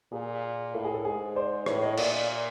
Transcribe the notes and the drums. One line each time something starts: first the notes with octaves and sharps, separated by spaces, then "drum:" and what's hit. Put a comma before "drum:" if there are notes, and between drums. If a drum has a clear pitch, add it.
A#2 G#4 A#4
A2 A4
G#4 A#4
A4
G#2 G#4
C5 D5
A2 B4 C#5, drum: rim click
C#5 D#5
A#2 D5 E5, drum: cymbal